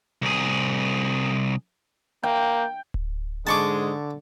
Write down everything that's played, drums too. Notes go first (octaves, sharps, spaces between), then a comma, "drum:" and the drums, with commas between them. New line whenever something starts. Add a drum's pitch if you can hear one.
C2 G#4
A#3 G5
drum: kick D1
G#2 D3 G#3 A5 C#6 D6